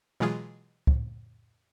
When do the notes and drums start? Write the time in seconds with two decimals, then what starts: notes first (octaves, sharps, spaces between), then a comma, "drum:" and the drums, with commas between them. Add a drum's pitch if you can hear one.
0.20 B2 E3 F#3 G#3 F4 G#4
0.87 drum: kick